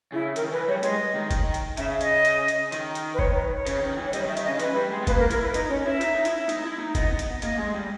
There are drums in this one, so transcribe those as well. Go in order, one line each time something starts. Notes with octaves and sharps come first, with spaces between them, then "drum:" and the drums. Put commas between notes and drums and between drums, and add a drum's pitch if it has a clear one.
C#3 E4
D#3 A#4, drum: hi-hat
E3 B4
G3 C#5
G#3 D#5, drum: hi-hat
D#3
drum: kick F#1, hi-hat
drum: hi-hat
C#3 E5, drum: hi-hat
D#5, drum: hi-hat
drum: hi-hat
drum: hi-hat
D#3, drum: hi-hat
drum: hi-hat
B4
C#5, drum: kick F#1
B4
C#5
C#3, drum: hi-hat
D#3
E3
C#5
G3 D#5, drum: hi-hat
D#3
E5
D#3, drum: hi-hat
D#5
C#3
E3 B4, drum: hi-hat
G3
G#3
B3
A#3 B4, drum: kick F#1, hi-hat
A#4
E4 A#4, drum: hi-hat
B4
D#4 D#5, drum: hi-hat
C#4 C#5
E4 E5
D#4, drum: hi-hat
D#4
E4, drum: hi-hat
D#4, drum: hi-hat
E4
D#4
B3 D#5, drum: kick F#1, hi-hat
drum: hi-hat
A#3 D#5, drum: hi-hat
G#3
G3